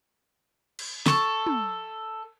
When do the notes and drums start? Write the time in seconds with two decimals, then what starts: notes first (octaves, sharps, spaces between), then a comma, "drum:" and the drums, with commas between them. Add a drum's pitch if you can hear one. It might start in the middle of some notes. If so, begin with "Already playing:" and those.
0.79 drum: cymbal
1.06 A4 C#6, drum: snare
1.47 drum: tom